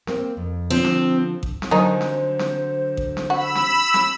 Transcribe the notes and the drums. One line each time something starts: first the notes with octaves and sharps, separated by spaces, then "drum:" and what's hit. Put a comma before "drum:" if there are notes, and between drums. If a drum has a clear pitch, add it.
A#3 C4, drum: snare
F2
D3 F3 C4
drum: snare
drum: kick A1
drum: snare
D3 D#3 F3 F#3 D#4 C5 G#5
drum: snare
drum: snare
drum: kick A1
drum: snare
F#4 B5 E6
drum: snare
drum: snare